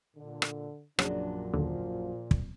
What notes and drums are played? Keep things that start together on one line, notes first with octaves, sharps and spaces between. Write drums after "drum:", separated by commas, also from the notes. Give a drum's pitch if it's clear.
A#2 D3
drum: rim click
A#1 F#2 A#2 C#3 F#3 D4, drum: rim click
D#2 D3 F3
drum: kick